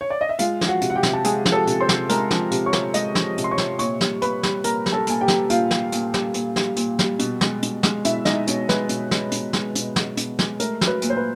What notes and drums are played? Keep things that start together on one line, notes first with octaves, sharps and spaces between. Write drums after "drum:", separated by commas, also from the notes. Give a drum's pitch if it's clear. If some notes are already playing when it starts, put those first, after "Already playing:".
C#5
D5
D#5
E5
G#3 F4 F5, drum: hi-hat
F3, drum: snare
F#4 F#5
C3, drum: hi-hat
F#5
G4 G5
C3, drum: snare
A5
G#3 G#4 G#5, drum: hi-hat
F3, drum: snare
A4 A5
C3, drum: hi-hat
C5 C6
C3, drum: snare
G#3 A#4 A#5, drum: hi-hat
F3, drum: snare
C3, drum: hi-hat
C#5 C#6
C3, drum: snare
G#3 D#5 D#6, drum: hi-hat
F3, drum: snare
C3, drum: hi-hat
C6
C#5 C#6
C3, drum: snare
A#2 C#5 C#6, drum: hi-hat
G3, drum: snare
A#2 B4 B5, drum: hi-hat
G3, drum: snare
A#2 A#4 A#5, drum: hi-hat
G3, drum: snare
A4 A5
A#2 G#5, drum: hi-hat
G4 G5
G3, drum: snare
A#2 F4 F5, drum: hi-hat
G3, drum: snare
A#2, drum: hi-hat
G3, drum: snare
A#2, drum: hi-hat
G3, drum: snare
A#2, drum: hi-hat
G3, drum: snare
B2, drum: hi-hat
G#3, drum: snare
B2, drum: hi-hat
G#3, drum: snare
B2 E4 E5, drum: hi-hat
G#3 D#4 D#5, drum: snare
B2 C#4 C#5, drum: hi-hat
G#3 B4, drum: snare
B2, drum: hi-hat
G#3, drum: snare
B2, drum: hi-hat
G#3, drum: snare
B2, drum: hi-hat
G#3, drum: snare
B2, drum: hi-hat
G#3, drum: snare
A3 A#4, drum: hi-hat
F#3, drum: snare
B4
A#2, drum: hi-hat
C5
B4